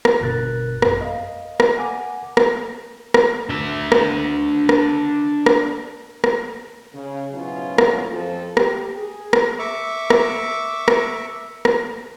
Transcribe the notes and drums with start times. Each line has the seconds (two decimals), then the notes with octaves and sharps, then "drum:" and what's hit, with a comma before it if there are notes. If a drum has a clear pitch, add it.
0.05 drum: rim click
0.20 G1 G2 B2 A#4 F#6 A6
0.82 A1 F#2, drum: rim click
1.01 D#5 F5
1.60 drum: rim click
1.77 F#5 G#5 D6
2.37 drum: rim click
3.14 drum: rim click
3.50 D4 E5
3.92 drum: rim click
4.69 drum: rim click
5.46 drum: rim click
6.24 drum: rim click
6.94 C#3
7.31 G#2 B2 F#3 C#4 E4 F4
7.78 drum: rim click
8.10 F2 F3 A4
8.57 G4, drum: rim click
8.97 G#4
9.33 drum: rim click
9.59 E5 C#6 D6
10.10 drum: rim click
10.88 drum: rim click
11.65 drum: rim click